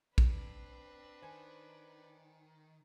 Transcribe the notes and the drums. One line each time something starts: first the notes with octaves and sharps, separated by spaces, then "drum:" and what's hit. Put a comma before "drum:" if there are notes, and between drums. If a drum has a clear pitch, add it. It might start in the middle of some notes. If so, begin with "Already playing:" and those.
C4 D4 B4, drum: kick
D#3 C5 G#5